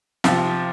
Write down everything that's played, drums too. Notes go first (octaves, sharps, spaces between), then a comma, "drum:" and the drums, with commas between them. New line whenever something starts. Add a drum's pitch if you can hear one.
C3 F3 C4 F4, drum: snare